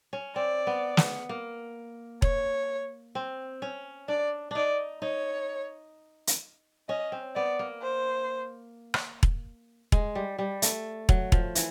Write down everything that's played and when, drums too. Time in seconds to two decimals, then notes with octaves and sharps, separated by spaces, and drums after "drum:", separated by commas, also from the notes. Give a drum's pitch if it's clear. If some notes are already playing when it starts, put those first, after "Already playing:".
0.13 C#4
0.35 C4 D5
0.67 B3
0.97 B3, drum: snare
1.29 A#3
2.22 C#5, drum: kick E1
3.15 C4
3.62 C#4
4.08 D4 D5
4.51 D4 D#4 D5
5.02 D#4 C#5
6.27 drum: hi-hat
6.89 C#4 D#5
7.12 C4
7.35 B3 D5
7.59 A#3
7.82 C5
8.94 drum: rim click
9.23 drum: kick E1
9.92 G#3, drum: kick E1
10.15 G3
10.38 G3
10.62 A3, drum: hi-hat
11.09 F#3, drum: kick E1
11.32 F3, drum: kick E1
11.55 E3, drum: hi-hat